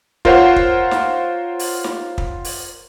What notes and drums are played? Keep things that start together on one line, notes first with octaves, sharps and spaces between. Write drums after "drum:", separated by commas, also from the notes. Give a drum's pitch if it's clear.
F4 A#4 C5 C#5 F#5, drum: kick
drum: kick
drum: snare
drum: open hi-hat
drum: snare
drum: kick
drum: open hi-hat